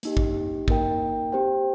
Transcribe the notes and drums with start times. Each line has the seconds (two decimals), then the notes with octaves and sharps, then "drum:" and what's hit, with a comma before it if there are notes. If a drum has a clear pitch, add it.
0.03 A#3 D#4 G4, drum: hi-hat
0.17 drum: kick
0.68 A#3 D#4 A#4 G5, drum: kick
1.32 C4 G4 C5 G5